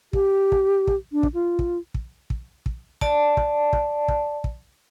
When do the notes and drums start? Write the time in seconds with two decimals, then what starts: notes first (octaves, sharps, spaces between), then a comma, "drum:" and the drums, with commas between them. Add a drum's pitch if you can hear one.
0.13 G4, drum: kick
0.52 drum: kick
0.87 drum: kick
1.13 D4
1.23 drum: kick
1.34 F4
1.59 drum: kick
1.94 drum: kick
2.30 drum: kick
2.66 drum: kick
3.01 D5 A5, drum: kick
3.37 drum: kick
3.73 drum: kick
4.08 drum: kick
4.44 drum: kick